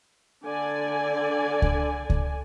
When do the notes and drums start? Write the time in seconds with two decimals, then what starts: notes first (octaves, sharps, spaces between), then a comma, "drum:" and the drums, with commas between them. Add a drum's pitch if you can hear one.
0.43 D3 D5 G#5
1.62 drum: kick C#2
2.10 drum: kick C#2